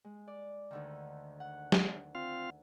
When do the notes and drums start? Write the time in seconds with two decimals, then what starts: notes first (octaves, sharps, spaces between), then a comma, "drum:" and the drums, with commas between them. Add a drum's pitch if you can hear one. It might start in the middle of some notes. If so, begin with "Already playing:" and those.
0.05 G#3
0.28 D5
0.71 D2 D3 D#3
1.40 F#5
1.72 drum: snare
2.15 C4 F4 F5